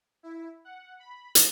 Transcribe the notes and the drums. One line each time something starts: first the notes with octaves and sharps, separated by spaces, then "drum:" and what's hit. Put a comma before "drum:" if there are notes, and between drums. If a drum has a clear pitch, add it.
E4
F#5
B5
drum: hi-hat